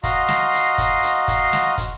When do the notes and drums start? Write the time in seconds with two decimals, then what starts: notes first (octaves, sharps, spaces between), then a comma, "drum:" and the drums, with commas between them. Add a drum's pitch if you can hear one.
0.04 F#4 D#5 F5 A#5 C6, drum: kick, hi-hat
0.28 drum: snare
0.53 drum: hi-hat
0.78 drum: kick, hi-hat
1.03 drum: hi-hat
1.28 drum: kick, hi-hat
1.53 drum: snare
1.78 drum: kick, hi-hat